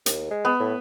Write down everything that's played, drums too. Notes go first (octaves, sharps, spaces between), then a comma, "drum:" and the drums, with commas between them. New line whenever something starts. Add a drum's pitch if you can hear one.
D#2, drum: hi-hat
G#3
B3
A2